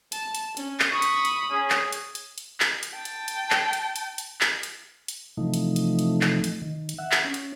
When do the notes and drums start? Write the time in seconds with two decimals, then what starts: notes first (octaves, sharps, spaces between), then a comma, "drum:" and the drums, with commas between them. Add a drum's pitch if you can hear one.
0.12 A5, drum: hi-hat
0.35 drum: hi-hat
0.57 C#4, drum: hi-hat
0.80 drum: clap
0.93 B5 C#6 D#6
1.02 drum: hi-hat
1.25 drum: hi-hat
1.51 C#4 G#4
1.70 drum: clap
1.93 drum: hi-hat
2.15 drum: hi-hat
2.38 drum: hi-hat
2.60 drum: clap
2.83 drum: hi-hat
2.95 G5 A5
3.05 drum: hi-hat
3.28 drum: hi-hat
3.50 drum: clap
3.73 drum: hi-hat
3.96 drum: hi-hat
4.18 drum: hi-hat
4.41 drum: clap
4.63 drum: hi-hat
5.08 drum: hi-hat
5.37 C3 E3 F3 A3 D#4
5.54 drum: hi-hat
5.76 drum: hi-hat
5.99 drum: hi-hat
6.21 drum: clap
6.44 drum: hi-hat
6.62 D#3
6.89 drum: hi-hat
6.98 E5 F#5
7.12 drum: clap
7.24 C#4
7.34 drum: hi-hat